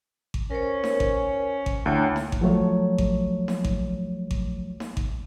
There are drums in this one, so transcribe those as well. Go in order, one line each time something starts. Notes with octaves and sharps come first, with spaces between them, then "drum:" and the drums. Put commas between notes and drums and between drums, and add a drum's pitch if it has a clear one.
drum: kick G#1
C#4 A#4 C5 C#5
drum: snare D#4
drum: kick G#1
drum: kick G#1
D2 E4 C#5 G5
drum: snare D#4
drum: kick G#1
F3 F#3 A3 C#5
drum: kick G#1
drum: snare D#4
drum: kick G#1
drum: kick G#1
drum: snare D#4
drum: kick G#1